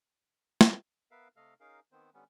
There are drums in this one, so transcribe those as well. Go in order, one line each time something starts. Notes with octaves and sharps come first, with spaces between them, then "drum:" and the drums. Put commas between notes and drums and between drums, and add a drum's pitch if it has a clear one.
drum: snare
B3 A#4 B4 E5 F5
C3 A3 A4 D#5 F5 F6
C#4 D#4 G#4 A#4 F5
D#3 B3 C4 C5
D3 G3 B3 C#4